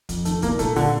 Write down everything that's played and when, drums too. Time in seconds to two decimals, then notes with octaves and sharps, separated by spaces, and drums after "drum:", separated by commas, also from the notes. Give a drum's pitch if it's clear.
0.09 F2, drum: kick, hi-hat
0.25 D#3 A3, drum: hi-hat
0.42 C2 A#3, drum: kick, hi-hat
0.59 A#2 A3, drum: kick, hi-hat
0.76 A#2 D3, drum: open hi-hat